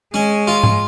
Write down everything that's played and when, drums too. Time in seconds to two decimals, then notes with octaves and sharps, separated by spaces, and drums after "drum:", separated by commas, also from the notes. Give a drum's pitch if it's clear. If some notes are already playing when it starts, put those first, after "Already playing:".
0.14 G#3 C#4
0.47 F4
0.63 drum: tom G#2